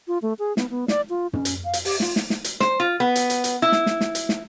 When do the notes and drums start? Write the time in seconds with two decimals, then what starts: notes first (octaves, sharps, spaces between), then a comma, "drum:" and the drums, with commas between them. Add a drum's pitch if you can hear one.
0.08 F4
0.22 A3
0.39 G#4
0.57 B3, drum: snare
0.70 B3
0.88 D5, drum: snare
1.10 F4
1.33 C#4, drum: tom
1.45 drum: hi-hat
1.64 F5
1.73 drum: hi-hat
1.85 G4, drum: open hi-hat
2.00 F4, drum: snare
2.16 drum: snare
2.30 drum: snare
2.44 drum: hi-hat
2.60 C5, drum: snare
2.80 F4
3.00 B3
3.15 drum: hi-hat
3.30 drum: hi-hat
3.44 drum: hi-hat
3.62 E4
3.72 drum: snare
3.86 drum: snare
4.01 drum: snare
4.15 drum: hi-hat
4.29 drum: snare